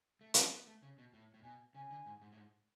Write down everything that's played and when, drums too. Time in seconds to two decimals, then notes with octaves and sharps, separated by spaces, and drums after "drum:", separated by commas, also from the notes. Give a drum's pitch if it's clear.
0.21 A3
0.34 drum: hi-hat
0.51 B3
0.67 A3
0.83 C#3
0.98 B2
1.13 A2
1.34 A2
1.44 B2 G#5
1.75 C#3 G#5
1.91 D3
2.06 G#2
2.21 G#2
2.32 A2
2.37 G#2